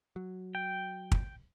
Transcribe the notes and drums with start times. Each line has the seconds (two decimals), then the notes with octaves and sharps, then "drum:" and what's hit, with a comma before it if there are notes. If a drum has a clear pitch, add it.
0.16 F#3
0.55 G5
1.12 drum: kick